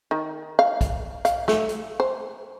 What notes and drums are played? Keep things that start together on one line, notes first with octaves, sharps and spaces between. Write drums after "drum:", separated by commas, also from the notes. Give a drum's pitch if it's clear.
D#3
F5
drum: kick, hi-hat
F5, drum: hi-hat
A3, drum: snare
drum: hi-hat
C5